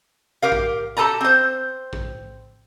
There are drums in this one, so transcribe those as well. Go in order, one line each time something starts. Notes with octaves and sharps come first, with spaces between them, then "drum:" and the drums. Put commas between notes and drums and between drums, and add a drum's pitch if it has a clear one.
G4 A#4 F5
drum: kick A1
G4 A4 B4 A5 A#5
C4 C5
drum: kick A1